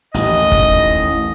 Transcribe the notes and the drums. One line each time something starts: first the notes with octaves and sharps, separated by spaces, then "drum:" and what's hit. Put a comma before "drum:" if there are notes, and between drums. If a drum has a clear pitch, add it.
A1 D#2 D#5, drum: hi-hat
drum: kick F1